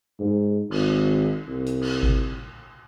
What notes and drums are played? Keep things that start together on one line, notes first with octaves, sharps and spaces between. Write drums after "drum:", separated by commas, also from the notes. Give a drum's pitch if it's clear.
G#2
G#1, drum: cymbal
C2
drum: hi-hat
drum: cymbal
drum: kick G#1